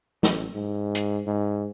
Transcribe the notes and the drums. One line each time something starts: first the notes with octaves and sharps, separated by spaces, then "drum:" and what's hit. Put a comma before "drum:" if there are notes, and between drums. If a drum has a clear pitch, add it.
A1, drum: snare
G#2
drum: hi-hat
G#2